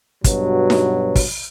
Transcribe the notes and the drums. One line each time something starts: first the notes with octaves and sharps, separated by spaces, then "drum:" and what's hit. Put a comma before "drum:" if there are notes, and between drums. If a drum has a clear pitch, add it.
G2 B2 F#3, drum: kick, hi-hat
drum: snare D#4
drum: kick, open hi-hat